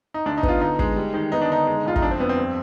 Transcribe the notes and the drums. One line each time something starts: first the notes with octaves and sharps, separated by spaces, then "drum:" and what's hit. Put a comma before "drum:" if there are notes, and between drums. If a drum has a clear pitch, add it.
D#4
D2 D4
D#4
B3, drum: kick
F4
D3 D#4
G#3, drum: kick
G3
D#3
B3 D#4
D4
D3 D#4
G#3
C2 F4
D#4, drum: kick
F2 D4
C4
F2 B3
C4
G2